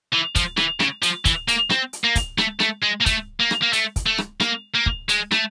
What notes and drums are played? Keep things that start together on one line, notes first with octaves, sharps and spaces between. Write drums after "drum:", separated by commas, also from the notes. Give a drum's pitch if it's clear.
E3
F3, drum: kick, hi-hat
E3, drum: rim click
C#3, drum: rim click
F3, drum: hi-hat
E3, drum: kick, hi-hat
A#3, drum: hi-hat
C4, drum: rim click
drum: hi-hat
A#3
drum: kick, hi-hat
A3, drum: rim click
A3, drum: rim click
G#3
A#3
A3, drum: kick, hi-hat
A#3
drum: rim click
A#3
A3, drum: hi-hat
drum: kick, hi-hat
A3
drum: rim click
A#3, drum: rim click
A#3
drum: kick
G#3, drum: hi-hat
A3, drum: rim click